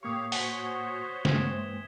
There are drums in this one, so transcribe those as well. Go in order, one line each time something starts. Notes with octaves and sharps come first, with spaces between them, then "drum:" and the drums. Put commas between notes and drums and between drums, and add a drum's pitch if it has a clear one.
A2 A#3 G4 C#5 F5 C#6 D#6 C#7
F#4 C5 C#5 F#5 G#5 B6 G7, drum: open hi-hat
G2 E3 G#3 A#3 C4 D#6 G#6 E7, drum: snare